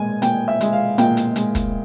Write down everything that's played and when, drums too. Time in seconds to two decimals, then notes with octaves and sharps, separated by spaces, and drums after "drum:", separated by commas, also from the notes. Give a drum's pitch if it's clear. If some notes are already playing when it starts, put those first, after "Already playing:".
Already playing: A#2 G#3 G#5
0.22 A#2 G5, drum: hi-hat
0.48 E5
0.61 G#3, drum: hi-hat
0.73 F5
0.98 A#2 G5, drum: hi-hat
1.17 drum: hi-hat
1.36 G#3, drum: hi-hat
1.55 drum: kick, hi-hat